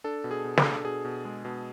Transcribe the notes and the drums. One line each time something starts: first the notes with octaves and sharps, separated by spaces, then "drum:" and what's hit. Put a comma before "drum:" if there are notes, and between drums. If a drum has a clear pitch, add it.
D4 A4
B2
G#4
B2
A4, drum: snare
D4
B2 G#4
B2
G#3
B2